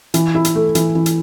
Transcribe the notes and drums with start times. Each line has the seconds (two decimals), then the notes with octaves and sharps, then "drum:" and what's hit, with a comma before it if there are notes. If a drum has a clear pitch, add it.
0.14 E3, drum: hi-hat
0.35 E4
0.45 drum: hi-hat
0.55 A3
0.75 E3, drum: hi-hat
0.95 E3
1.06 drum: hi-hat